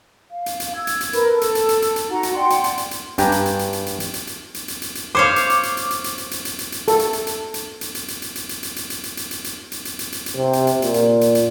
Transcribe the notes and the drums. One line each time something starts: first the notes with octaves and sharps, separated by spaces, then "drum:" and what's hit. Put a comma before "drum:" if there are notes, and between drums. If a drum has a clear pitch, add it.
F5
drum: hi-hat
drum: hi-hat
E6 G#6
drum: hi-hat
drum: hi-hat
A#4 B4 B5, drum: hi-hat
A4
drum: hi-hat
drum: hi-hat
drum: hi-hat
drum: hi-hat
drum: hi-hat
D#4 F#4 F#5 A#5
drum: hi-hat
D5 F#5 G5 C6
drum: hi-hat
drum: hi-hat
drum: hi-hat
drum: hi-hat
G2 D4 G4 G5 G#5 A#5, drum: hi-hat
drum: hi-hat
drum: hi-hat
drum: hi-hat
drum: hi-hat
drum: hi-hat
drum: hi-hat
drum: hi-hat
drum: hi-hat
drum: hi-hat
drum: hi-hat
drum: hi-hat
drum: hi-hat
C5 C#5 F5 D6
drum: hi-hat
drum: hi-hat
drum: hi-hat
drum: hi-hat
drum: hi-hat
drum: hi-hat
drum: hi-hat
drum: hi-hat
drum: hi-hat
drum: hi-hat
drum: hi-hat
A4, drum: hi-hat
drum: hi-hat
drum: hi-hat
drum: hi-hat
drum: hi-hat
drum: hi-hat
drum: hi-hat
drum: hi-hat
drum: hi-hat
drum: hi-hat
drum: hi-hat
drum: hi-hat
drum: hi-hat
drum: hi-hat
drum: hi-hat
drum: hi-hat
drum: hi-hat
drum: hi-hat
drum: hi-hat
drum: hi-hat
drum: hi-hat
drum: hi-hat
drum: hi-hat
C3
drum: hi-hat
drum: hi-hat
A#2, drum: hi-hat
drum: hi-hat
drum: hi-hat
drum: hi-hat